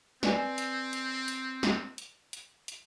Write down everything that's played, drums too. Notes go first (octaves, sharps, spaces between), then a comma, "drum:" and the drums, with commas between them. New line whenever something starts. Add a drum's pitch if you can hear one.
C4 B4 D5 G#5, drum: snare
drum: hi-hat
drum: hi-hat
drum: hi-hat
drum: snare
drum: hi-hat
drum: hi-hat
drum: hi-hat